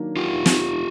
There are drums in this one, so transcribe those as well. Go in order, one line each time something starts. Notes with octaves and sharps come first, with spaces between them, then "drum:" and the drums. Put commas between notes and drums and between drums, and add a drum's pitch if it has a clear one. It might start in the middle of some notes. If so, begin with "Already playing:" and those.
Already playing: D#3 F#3 A#3 D4
F4 G4
drum: snare